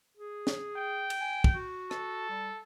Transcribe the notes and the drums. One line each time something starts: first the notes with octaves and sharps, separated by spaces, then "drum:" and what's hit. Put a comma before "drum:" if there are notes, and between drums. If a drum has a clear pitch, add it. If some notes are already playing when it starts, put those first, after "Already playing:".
G#4
drum: snare
G5
drum: cymbal
G#5
drum: kick
F#4
A4, drum: rim click
G3